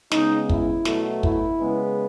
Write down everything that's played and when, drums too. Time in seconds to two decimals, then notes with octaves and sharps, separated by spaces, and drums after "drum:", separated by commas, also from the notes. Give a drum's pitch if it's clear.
0.11 C#3 G#3 B3 D#4, drum: snare
0.49 E4, drum: kick
0.85 B2 F#3 A3, drum: snare
1.23 E4, drum: kick
1.60 C#3 G#3 B3